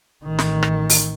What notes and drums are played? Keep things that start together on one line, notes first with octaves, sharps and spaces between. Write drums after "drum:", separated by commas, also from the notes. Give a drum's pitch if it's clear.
A1 D#3
drum: snare
drum: rim click
drum: open hi-hat